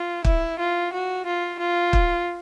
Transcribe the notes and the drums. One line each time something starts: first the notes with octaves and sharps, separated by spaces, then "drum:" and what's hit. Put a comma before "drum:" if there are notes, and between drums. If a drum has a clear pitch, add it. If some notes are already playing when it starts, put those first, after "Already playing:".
Already playing: F4
E4, drum: kick
F4
F#4
F4
F4
drum: kick